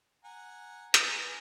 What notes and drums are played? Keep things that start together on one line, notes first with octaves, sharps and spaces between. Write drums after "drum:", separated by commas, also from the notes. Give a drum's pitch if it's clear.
F#5 G#5 A#5
B4 G#5 A#5, drum: hi-hat